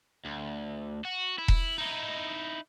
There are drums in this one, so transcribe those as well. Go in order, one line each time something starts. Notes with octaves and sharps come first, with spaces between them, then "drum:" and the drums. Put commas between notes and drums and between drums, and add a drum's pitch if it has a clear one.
D2
F#4
E4
drum: kick E1
D#4 E4